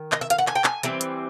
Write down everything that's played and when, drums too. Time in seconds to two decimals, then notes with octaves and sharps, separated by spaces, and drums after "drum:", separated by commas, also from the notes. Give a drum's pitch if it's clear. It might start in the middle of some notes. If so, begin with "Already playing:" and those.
Already playing: D#3
0.12 D#5, drum: clap
0.21 E5
0.30 F5, drum: hi-hat
0.38 F#5
0.47 G#5, drum: clap
0.55 G5
0.64 G#5, drum: clap
0.83 E3 G3 C4, drum: hi-hat
1.01 drum: hi-hat